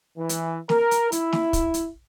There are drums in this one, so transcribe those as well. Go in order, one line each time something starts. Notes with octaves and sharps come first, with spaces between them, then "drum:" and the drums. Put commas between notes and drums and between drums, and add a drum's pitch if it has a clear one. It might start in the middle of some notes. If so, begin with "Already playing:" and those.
E3
drum: hi-hat
A#4, drum: snare
drum: hi-hat
E4, drum: hi-hat
drum: snare
drum: kick, hi-hat
drum: hi-hat